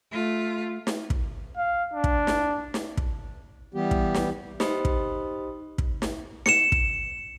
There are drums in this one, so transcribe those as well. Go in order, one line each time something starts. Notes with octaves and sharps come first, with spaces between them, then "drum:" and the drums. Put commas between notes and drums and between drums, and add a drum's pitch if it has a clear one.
A3 F4
drum: snare
drum: kick
F5
D4
drum: kick
drum: snare
drum: snare
drum: kick
E3 G3 B3 G4
drum: kick
drum: snare
D#4 G4 C5 D#5 B5 D#6, drum: snare
drum: kick
drum: kick
drum: snare
C#7 E7, drum: snare
drum: kick